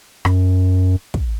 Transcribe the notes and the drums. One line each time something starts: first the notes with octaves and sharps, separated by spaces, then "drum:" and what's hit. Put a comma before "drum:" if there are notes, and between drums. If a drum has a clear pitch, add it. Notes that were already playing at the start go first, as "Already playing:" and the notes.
F#2, drum: rim click
drum: kick